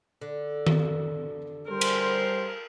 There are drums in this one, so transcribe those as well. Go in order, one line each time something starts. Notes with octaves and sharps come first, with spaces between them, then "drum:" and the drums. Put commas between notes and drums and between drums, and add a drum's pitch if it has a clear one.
D3
drum: tom D#3
G3 A#4 C5
drum: cymbal